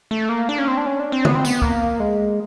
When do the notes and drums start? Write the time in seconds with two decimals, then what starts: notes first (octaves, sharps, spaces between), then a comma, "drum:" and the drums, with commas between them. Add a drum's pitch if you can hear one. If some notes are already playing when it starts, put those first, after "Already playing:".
0.11 A3
0.29 A#3
0.49 D4
0.58 C#4
0.68 C4
0.77 D4
0.86 C#4
0.99 D4
1.12 C4
1.25 B3, drum: tom C#3
1.35 C4
1.45 B3, drum: tambourine
1.62 A#3, drum: kick
2.00 G#3